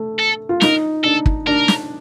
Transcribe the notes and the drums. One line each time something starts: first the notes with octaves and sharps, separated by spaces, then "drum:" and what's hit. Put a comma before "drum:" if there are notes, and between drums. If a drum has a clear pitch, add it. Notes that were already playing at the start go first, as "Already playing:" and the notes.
Already playing: A3
A4
F4
D#4 A#4, drum: snare
D4 A4
drum: kick
D4 A#4
drum: snare